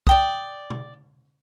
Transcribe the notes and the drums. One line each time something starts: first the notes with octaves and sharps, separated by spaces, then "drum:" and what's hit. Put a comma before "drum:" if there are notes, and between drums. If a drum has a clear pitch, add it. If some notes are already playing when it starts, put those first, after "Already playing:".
D5 G5 D#6, drum: kick
drum: tom B2